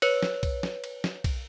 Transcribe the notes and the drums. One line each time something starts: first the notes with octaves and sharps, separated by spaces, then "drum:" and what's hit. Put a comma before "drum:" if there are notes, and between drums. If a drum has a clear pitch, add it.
B4 C#5, drum: cymbal
drum: snare
drum: kick B1, cymbal
drum: snare
drum: cymbal
drum: snare
drum: kick B1, cymbal